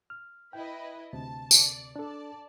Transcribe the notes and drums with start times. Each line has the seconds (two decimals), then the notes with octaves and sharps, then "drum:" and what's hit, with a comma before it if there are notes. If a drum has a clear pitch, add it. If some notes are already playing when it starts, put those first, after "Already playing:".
0.10 F6
0.53 E4 B4 D#5 G5
1.13 D2 C3 A5
1.51 D5, drum: tambourine
1.96 D4 A4 D5 A5